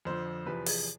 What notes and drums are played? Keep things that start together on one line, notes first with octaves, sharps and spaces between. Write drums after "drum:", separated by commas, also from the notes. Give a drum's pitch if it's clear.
F2 D3 F3 C5
E2 C3 F3 B4
G#4, drum: open hi-hat